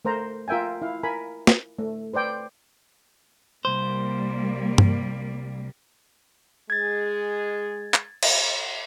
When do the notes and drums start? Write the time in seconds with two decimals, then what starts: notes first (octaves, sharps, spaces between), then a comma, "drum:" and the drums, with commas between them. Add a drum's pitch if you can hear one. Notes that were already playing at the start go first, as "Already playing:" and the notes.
0.05 A3 A#4 C5 A#5
0.48 F4 A#4 E5 G5 G#5
0.82 E4 F5
1.03 A#4 G#5 B5
1.47 drum: snare
1.79 A3
2.14 B4 C5 D5 G5
3.65 C2 G3 A#3 C5
4.78 drum: tom G2
6.70 G#3 G#4 G#6 A6
7.94 drum: clap
8.23 drum: cymbal